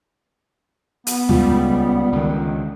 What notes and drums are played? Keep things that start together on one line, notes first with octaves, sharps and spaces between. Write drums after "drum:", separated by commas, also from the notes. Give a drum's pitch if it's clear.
B3, drum: hi-hat
C#2 G3 G#3 F4, drum: tom D2
C#2 D3 D#3